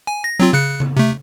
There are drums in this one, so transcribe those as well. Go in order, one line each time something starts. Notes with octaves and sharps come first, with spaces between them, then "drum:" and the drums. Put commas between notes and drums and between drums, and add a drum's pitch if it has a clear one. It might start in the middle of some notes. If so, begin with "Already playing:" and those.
G#5
A#6
F#3 C4 F4
C#3 F#6 C#7
drum: tom C#3
C3 A3